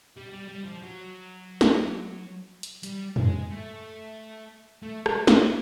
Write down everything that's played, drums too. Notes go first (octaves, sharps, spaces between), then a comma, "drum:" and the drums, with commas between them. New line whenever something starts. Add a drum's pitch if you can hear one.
G3
G3
G3
F3
F#3
drum: snare
drum: hi-hat
G3, drum: hi-hat
G#3, drum: tom
A3
A3
A3, drum: rim click
A#3, drum: snare